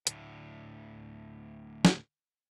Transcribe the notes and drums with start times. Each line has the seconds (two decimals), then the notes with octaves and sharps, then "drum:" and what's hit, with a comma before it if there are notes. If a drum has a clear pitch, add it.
0.07 D2 A2, drum: hi-hat
1.85 drum: snare